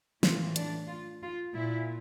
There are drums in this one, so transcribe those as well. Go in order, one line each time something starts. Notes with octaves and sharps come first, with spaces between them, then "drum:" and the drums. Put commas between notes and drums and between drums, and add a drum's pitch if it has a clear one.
A2 E3 F4, drum: snare
D4, drum: hi-hat
F4
F4
A#2 E4